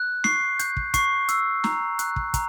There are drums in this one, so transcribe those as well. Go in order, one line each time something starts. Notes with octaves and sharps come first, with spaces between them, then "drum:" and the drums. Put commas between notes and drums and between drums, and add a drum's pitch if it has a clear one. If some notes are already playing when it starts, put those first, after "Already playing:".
Already playing: F#6
C#6 C7, drum: snare
G6, drum: hi-hat
drum: kick
C#6 C7, drum: kick, hi-hat
E6, drum: hi-hat
A#5, drum: snare
F#6, drum: hi-hat
drum: kick
A#5, drum: kick, hi-hat